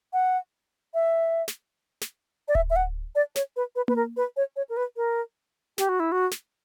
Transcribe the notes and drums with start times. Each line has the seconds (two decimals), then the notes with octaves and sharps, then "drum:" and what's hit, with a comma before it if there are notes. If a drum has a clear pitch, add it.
0.13 F#5
0.94 E5
1.48 drum: snare
2.01 drum: snare
2.48 D5
2.55 E5, drum: kick D1
2.70 E5
2.76 F#5
3.15 D5
3.36 C#5, drum: snare
3.56 B4
3.76 B4
3.88 B4, drum: tom A#3
3.96 A#4
4.17 B4
4.37 C#5
4.56 C#5
4.69 A#4
4.77 B4
4.97 A#4
5.78 G4, drum: snare
5.89 F#4
6.00 E4
6.12 F#4
6.31 drum: snare